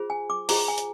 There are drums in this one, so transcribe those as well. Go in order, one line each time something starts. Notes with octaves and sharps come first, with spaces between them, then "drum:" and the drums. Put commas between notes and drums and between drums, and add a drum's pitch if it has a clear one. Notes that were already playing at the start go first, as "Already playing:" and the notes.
Already playing: F4 G#4 C5
G#5
D6
F4 G#4 C5 A#5, drum: open hi-hat
G#5
drum: hi-hat